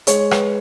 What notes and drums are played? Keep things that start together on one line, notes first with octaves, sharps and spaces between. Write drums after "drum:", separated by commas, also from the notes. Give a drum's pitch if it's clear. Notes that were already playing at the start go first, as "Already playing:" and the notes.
G#3 C#5, drum: hi-hat
B4, drum: rim click